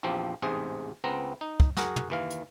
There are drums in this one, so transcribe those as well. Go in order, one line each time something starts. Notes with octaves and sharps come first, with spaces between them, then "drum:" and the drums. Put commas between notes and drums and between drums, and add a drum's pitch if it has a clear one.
A#1 E2 F3 C4 G4
A1 E2 G#2 C3 G#4 C5
C#2 B3 C4 A#5
D#4
drum: kick
F#4 G#4 A#4 F#5, drum: snare
drum: tom
D#2 E3 F5
drum: hi-hat